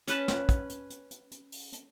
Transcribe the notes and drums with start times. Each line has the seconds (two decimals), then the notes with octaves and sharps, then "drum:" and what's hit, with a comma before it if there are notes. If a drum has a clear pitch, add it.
0.07 C#4 B4 A5, drum: hi-hat
0.28 drum: snare
0.49 drum: kick, hi-hat
0.69 drum: hi-hat
0.90 drum: hi-hat
1.11 drum: hi-hat
1.31 drum: hi-hat
1.52 drum: open hi-hat
1.73 drum: hi-hat